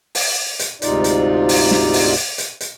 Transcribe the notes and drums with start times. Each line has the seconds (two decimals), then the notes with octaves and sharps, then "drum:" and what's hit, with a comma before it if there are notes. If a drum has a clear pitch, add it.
0.15 drum: open hi-hat
0.59 drum: hi-hat
0.82 D2 G#2 C3 D#4 F4 D5, drum: hi-hat
1.04 drum: hi-hat
1.49 drum: open hi-hat
1.71 drum: snare
1.93 drum: open hi-hat
2.16 drum: hi-hat
2.38 drum: hi-hat
2.60 drum: hi-hat